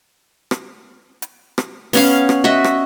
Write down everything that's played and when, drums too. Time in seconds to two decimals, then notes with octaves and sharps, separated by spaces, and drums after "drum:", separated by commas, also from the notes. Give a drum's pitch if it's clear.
0.51 drum: rim click
1.22 drum: hi-hat
1.58 drum: rim click
1.93 B3 C#4 F5, drum: open hi-hat
2.29 drum: rim click
2.44 F#4 D#5 E5
2.64 drum: rim click